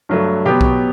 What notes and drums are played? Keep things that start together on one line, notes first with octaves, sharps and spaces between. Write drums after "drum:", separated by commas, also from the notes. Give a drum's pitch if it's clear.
G2 F#3 A3
B2 F#3 B3 G4
drum: kick B1